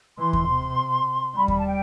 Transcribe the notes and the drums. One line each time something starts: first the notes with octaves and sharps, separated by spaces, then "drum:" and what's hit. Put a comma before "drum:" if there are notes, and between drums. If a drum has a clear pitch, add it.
E3 C6
drum: kick D#2
C3
G3 B5
B5, drum: kick D#2
A5
G5